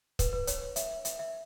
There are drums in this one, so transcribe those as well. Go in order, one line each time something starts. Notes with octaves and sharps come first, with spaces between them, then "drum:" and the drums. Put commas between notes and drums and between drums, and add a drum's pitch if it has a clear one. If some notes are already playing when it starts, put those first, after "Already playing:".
B4, drum: kick, hi-hat
B4
C#5, drum: hi-hat
E5, drum: hi-hat
E5, drum: hi-hat
E5